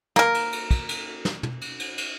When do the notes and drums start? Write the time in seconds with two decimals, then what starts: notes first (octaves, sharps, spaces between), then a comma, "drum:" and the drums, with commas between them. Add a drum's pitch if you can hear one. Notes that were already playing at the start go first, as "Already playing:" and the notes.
0.16 A#3 A#4, drum: snare
0.34 drum: cymbal
0.52 drum: cymbal
0.71 drum: kick, cymbal
0.89 drum: cymbal
1.25 drum: snare
1.43 drum: tom
1.61 drum: cymbal
1.80 drum: cymbal
1.98 drum: cymbal